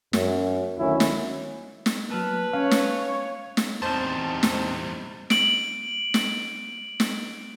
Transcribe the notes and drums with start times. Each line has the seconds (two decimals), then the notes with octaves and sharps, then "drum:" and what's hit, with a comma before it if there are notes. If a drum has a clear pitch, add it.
0.13 F#2, drum: snare
0.79 D2 D#3 F#3 C#4 E4
1.00 drum: snare
1.86 drum: snare
2.10 F#3 A#3 B4 A5 E6 F6
2.53 C#4 C#5 F5
2.71 drum: snare
3.57 drum: snare
3.82 E2 G3 C4 D#4 C5 A5
4.43 drum: snare
5.30 D7 F#7, drum: snare
6.14 drum: snare
7.00 drum: snare